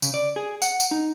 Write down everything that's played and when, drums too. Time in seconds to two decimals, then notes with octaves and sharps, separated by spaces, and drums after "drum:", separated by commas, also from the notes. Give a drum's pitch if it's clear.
0.02 C#3, drum: tambourine
0.14 D5
0.36 G#4
0.62 F#5, drum: tambourine
0.80 drum: tambourine
0.91 D#4